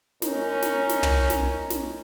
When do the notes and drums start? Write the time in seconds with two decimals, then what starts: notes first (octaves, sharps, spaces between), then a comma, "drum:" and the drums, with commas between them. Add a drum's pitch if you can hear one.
0.22 F#2 C#4 D#4 A#4, drum: snare
0.62 drum: snare
0.89 drum: snare
1.03 drum: tom
1.30 drum: snare
1.70 drum: snare